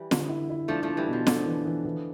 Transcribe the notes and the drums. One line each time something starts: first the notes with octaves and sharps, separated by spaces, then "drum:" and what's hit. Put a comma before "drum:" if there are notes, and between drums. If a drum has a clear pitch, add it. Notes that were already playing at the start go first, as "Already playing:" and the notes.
Already playing: E3 G3
D3, drum: snare
E4
E4
F3 A3 D4
F3 A3
D4
E3 G3
B2 F3
D3 D4, drum: snare
E3
E3
E3